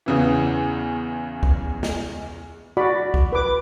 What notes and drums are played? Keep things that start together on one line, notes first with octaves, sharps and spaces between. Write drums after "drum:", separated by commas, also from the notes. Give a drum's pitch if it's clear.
E2 C#3 E3
drum: kick
drum: snare
F#4 D5 B5
drum: kick
B4 D6